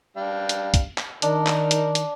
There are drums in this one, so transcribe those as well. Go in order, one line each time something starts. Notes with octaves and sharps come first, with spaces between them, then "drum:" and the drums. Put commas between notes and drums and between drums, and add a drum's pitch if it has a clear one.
G3 D4 F5
drum: hi-hat
drum: kick, hi-hat
drum: clap
D#3 D4 D#4 A#4, drum: hi-hat
drum: clap
drum: hi-hat
drum: hi-hat